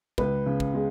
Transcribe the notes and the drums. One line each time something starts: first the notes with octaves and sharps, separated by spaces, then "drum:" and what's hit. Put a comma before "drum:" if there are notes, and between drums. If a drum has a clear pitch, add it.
C#2 B4, drum: kick
C#3
drum: kick
G#3